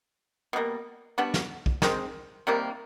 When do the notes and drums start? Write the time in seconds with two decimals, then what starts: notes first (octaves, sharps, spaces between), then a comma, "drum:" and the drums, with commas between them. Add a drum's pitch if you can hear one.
0.53 B2 G3 A#3
1.18 G3 B3 D4 F#4
1.34 drum: snare
1.66 drum: kick
1.82 D#3 G#3 C4, drum: snare
2.47 C3 D#3 G3 A#3